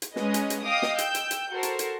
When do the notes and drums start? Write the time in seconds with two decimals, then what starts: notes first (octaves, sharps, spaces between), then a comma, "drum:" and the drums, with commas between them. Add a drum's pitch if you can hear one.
0.02 drum: hi-hat
0.16 G#3 C#4 G#4 B4 D#5, drum: snare
0.34 drum: hi-hat
0.50 drum: hi-hat
0.63 D#5 F5 G5 D6 D#6
0.82 drum: snare
0.98 G5 E6 G6, drum: hi-hat
1.15 drum: hi-hat
1.31 drum: hi-hat
1.50 F#4 A4 A#4 C5
1.63 drum: hi-hat
1.79 drum: hi-hat